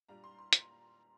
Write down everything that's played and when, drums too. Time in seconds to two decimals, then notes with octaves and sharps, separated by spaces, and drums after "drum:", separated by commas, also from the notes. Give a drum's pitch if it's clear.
0.09 A#2 G3 D4 F4 A#5
0.24 C6
0.38 C6
0.53 A#5, drum: hi-hat